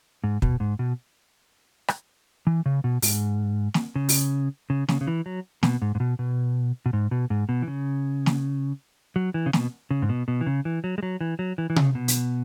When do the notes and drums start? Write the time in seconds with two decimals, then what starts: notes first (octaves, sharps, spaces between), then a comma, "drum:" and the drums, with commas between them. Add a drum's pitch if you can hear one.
0.24 G#2
0.42 B2, drum: kick
0.60 G#2
0.79 B2
1.88 drum: rim click
2.47 E3
2.66 C#3
2.84 B2
3.02 G#2, drum: open hi-hat
3.74 drum: snare
3.96 C#3
4.09 drum: open hi-hat
4.70 C#3
4.89 C#3, drum: snare
5.01 C#3
5.07 E3
5.26 F#3
5.63 B2, drum: snare
5.82 G#2
5.95 G#2
6.00 B2
6.19 B2
6.86 B2
6.93 G#2
7.11 B2
7.30 G#2
7.49 B2
7.62 E3
7.67 C#3
8.26 drum: snare
9.16 F#3
9.34 E3
9.46 C#3
9.53 B2, drum: snare
9.91 C#3
10.02 G#2
10.09 B2
10.28 B2
10.41 E3
10.47 C#3
10.65 E3
10.84 F#3
10.98 G#3
11.03 F#3
11.21 E3
11.39 F#3
11.58 E3
11.70 E3
11.76 C#3, drum: tom C3
11.95 B2
12.08 drum: hi-hat